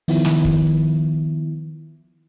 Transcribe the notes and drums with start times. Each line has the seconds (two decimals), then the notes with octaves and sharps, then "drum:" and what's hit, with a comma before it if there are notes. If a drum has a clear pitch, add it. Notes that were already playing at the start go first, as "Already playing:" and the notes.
0.08 D#3 F3 B3 E4, drum: open hi-hat
0.25 drum: snare
0.45 drum: kick